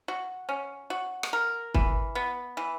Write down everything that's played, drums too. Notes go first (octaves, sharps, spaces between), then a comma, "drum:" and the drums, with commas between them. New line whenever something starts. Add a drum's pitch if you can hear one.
F#4
C#4
F#4
drum: rim click
A#4
E3, drum: kick
B3
E3